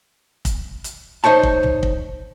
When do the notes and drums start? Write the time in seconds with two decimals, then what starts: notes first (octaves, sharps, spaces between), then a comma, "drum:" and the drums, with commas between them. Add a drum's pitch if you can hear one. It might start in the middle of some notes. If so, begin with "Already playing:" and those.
0.45 drum: kick, hi-hat
0.84 drum: hi-hat
1.24 D#4 C5 C#5 A5
1.43 drum: kick
1.63 drum: tom
1.83 drum: kick